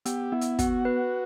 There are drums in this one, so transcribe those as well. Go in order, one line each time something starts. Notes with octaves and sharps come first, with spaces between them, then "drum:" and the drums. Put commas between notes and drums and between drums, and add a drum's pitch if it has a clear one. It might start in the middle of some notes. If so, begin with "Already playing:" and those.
B3 G4, drum: hi-hat
B3 E4
drum: hi-hat
B3 F#4, drum: kick, hi-hat
B4